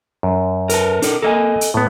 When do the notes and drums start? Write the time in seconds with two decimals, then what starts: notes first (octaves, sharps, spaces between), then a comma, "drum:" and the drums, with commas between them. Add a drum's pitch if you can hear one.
0.23 F#2
0.69 A#4 B4 A5, drum: hi-hat
1.02 D4 A4 A#4, drum: hi-hat
1.22 A#3 A4 D#5 G#5 A#5
1.61 drum: hi-hat
1.74 A2 B3